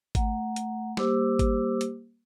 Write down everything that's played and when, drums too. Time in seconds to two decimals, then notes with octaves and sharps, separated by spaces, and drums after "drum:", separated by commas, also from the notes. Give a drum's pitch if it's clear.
0.15 A3 F#5 A#5, drum: kick G#1, hi-hat
0.56 drum: hi-hat
0.97 G3 A#3 G4 C5 D6 E6, drum: snare
1.39 drum: kick G#1, hi-hat
1.81 drum: hi-hat